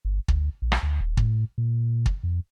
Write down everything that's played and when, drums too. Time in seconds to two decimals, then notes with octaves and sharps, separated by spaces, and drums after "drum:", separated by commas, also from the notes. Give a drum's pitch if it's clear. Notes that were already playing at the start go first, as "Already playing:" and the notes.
0.05 G1
0.28 D2, drum: kick
0.62 A#1
0.72 drum: rim click
0.83 D2
1.01 D#1
1.17 A2, drum: kick
1.58 A#2
2.06 drum: kick
2.23 F2